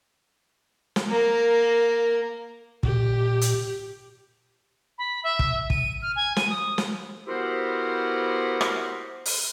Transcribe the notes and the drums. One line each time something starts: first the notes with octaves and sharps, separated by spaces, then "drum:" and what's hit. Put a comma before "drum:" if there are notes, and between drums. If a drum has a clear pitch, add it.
drum: snare
A#3 A#4
A#2 G4, drum: kick
drum: hi-hat
B5
E5
drum: kick
D#7, drum: kick
F6
G#5
D#7, drum: snare
D#6
drum: snare
B3 E4 F#4 G4 A#4 C5
drum: rim click
drum: open hi-hat